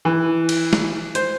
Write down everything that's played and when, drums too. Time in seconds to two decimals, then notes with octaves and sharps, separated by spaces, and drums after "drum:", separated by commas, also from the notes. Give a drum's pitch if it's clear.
0.05 E3
0.49 drum: cymbal
0.73 drum: snare
1.15 C5, drum: hi-hat